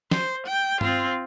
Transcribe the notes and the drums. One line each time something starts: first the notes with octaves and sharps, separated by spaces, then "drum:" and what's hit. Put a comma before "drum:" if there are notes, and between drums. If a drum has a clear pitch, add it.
C5, drum: snare
G5
C4 F4, drum: tom G2